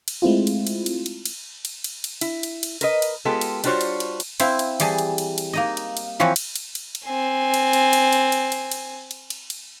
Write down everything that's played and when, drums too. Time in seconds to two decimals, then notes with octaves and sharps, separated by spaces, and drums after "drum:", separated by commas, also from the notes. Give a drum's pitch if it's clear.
0.08 drum: cymbal
0.22 G#3 A3 C4 E4 F4
0.47 drum: cymbal
0.67 drum: cymbal
0.86 drum: cymbal
1.06 drum: cymbal
1.25 drum: cymbal
1.65 drum: cymbal
1.84 drum: cymbal
2.04 drum: cymbal
2.21 E4, drum: cymbal
2.43 drum: cymbal
2.63 drum: cymbal
2.81 A#4 B4 D#5, drum: cymbal
3.02 drum: cymbal
3.25 G#3 B3 F4 G4 A4
3.41 drum: cymbal
3.64 G3 D4 F4 F#4 C5 C#5, drum: cymbal
3.81 drum: cymbal
4.00 drum: cymbal
4.20 drum: cymbal
4.40 C4 E4 C5 F5, drum: cymbal
4.59 drum: cymbal
4.80 E3 G3 G#4 A5, drum: cymbal
4.98 drum: cymbal
5.18 drum: cymbal
5.38 drum: cymbal
5.53 A#3 D#4 D#5
5.77 drum: cymbal
5.97 drum: cymbal
6.20 E3 F3 C4 B4 C#5
6.36 drum: cymbal
6.56 drum: cymbal
6.75 drum: cymbal
6.95 drum: cymbal
7.06 C4 G#5
7.54 drum: cymbal
7.73 drum: cymbal
7.93 drum: cymbal
8.13 drum: cymbal
8.32 drum: cymbal
8.52 drum: cymbal
8.71 drum: cymbal
9.11 drum: cymbal
9.30 drum: cymbal
9.50 drum: cymbal